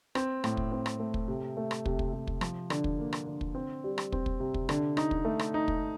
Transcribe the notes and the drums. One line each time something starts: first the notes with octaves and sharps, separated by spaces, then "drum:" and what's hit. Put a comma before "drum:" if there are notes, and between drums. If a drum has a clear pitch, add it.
C4, drum: rim click
A2, drum: rim click
drum: kick
C4
drum: rim click
A3
drum: kick
C3
A3
drum: rim click
C3, drum: kick
drum: kick
C3
drum: kick
F3, drum: rim click
D3, drum: rim click
drum: kick
A#3
drum: rim click
D3
drum: kick
C4
G3
drum: rim click
C4, drum: kick
drum: kick
C3
drum: kick
D3, drum: rim click
D#4, drum: rim click
drum: kick
A3
drum: rim click
D#4
drum: kick